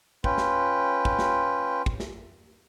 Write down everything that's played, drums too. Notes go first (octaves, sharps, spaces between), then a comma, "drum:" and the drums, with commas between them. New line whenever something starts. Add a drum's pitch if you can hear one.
C#4 F4 B4 G5, drum: kick
drum: snare
drum: kick
drum: snare
drum: kick
drum: snare